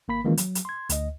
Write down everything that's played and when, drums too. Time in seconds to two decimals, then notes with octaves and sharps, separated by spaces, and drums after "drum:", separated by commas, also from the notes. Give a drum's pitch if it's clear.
0.08 G#1 A#3 B5 B6
0.25 D#3 E3 G#3 A#3 C#4 F4
0.37 F#3, drum: hi-hat
0.55 drum: hi-hat
0.65 C6 G#6
0.89 D2 D#5, drum: hi-hat